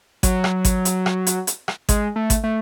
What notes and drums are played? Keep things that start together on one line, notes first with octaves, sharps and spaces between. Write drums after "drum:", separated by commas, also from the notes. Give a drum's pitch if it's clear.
F#3, drum: kick G#1, hi-hat
drum: rim click
drum: kick G#1, hi-hat
drum: hi-hat
drum: rim click
drum: hi-hat
drum: hi-hat
drum: rim click
G#3, drum: kick G#1, hi-hat
A3
drum: kick G#1, hi-hat
A3